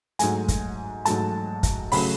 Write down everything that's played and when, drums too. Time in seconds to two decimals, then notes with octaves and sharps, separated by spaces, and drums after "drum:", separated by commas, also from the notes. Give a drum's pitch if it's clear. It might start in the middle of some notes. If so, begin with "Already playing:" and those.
0.19 G#2 F#3 A3 G#5, drum: hi-hat
0.48 drum: kick, hi-hat
1.05 G#2 F#3 A3 A5, drum: hi-hat
1.63 drum: kick, hi-hat
1.92 C#3 F#3 A3 C#4 B5, drum: open hi-hat